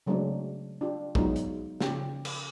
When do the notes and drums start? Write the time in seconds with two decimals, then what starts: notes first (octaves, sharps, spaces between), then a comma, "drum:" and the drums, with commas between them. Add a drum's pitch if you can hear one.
0.07 C#3 F#3 G#3 A3 C4 D4
0.81 D4 F4 G4
1.15 F#3 G#3 B3 D#4 F4, drum: kick
1.36 drum: hi-hat
1.81 C#3 F3 C#4 G4, drum: snare
2.25 drum: cymbal